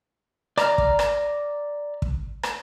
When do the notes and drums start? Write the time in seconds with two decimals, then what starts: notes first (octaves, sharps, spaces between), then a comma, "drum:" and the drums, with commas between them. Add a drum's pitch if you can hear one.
0.58 D5 A#5 F6, drum: rim click
0.78 drum: kick
0.99 drum: rim click
2.02 drum: kick
2.43 drum: rim click